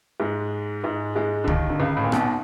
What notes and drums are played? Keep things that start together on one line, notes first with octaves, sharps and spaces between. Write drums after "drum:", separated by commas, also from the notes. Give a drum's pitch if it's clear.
G#2 G#3
G#2 G#3
G#2 G#3
D3
D#2 D#3, drum: kick
D3
C#2 C#3
A2
A#2
B1 B2, drum: rim click